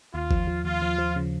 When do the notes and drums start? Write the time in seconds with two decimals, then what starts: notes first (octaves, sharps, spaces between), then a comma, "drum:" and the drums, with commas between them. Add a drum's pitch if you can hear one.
0.14 D#2 F4
0.31 F3, drum: kick G1
0.47 F3
0.64 D#2 F4
0.82 F3
0.99 F3
1.16 C#3